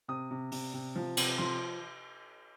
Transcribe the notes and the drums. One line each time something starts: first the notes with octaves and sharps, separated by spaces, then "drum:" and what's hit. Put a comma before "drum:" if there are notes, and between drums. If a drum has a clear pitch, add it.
C3 D#6
C3
C3, drum: open hi-hat
C3
F3
C3, drum: cymbal
F3 C6